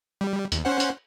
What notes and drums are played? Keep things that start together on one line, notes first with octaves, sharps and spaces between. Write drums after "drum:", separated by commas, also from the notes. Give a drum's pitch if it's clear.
G3
D#2, drum: hi-hat
C#4 C5 F#5
drum: hi-hat